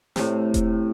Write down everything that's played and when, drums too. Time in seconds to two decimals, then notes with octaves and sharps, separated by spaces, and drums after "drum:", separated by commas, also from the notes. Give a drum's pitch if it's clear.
0.16 A2 C3, drum: snare
0.54 drum: kick E1, hi-hat